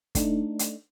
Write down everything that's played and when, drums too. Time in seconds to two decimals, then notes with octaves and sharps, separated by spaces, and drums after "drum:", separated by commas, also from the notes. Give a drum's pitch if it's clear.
0.15 A3 D4 D#4, drum: kick, hi-hat
0.59 drum: hi-hat